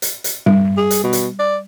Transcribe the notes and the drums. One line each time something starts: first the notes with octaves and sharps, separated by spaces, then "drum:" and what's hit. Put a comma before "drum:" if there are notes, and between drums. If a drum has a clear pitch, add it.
drum: hi-hat
drum: hi-hat
G3, drum: tom G2
G#4
drum: hi-hat
B2
drum: hi-hat
D5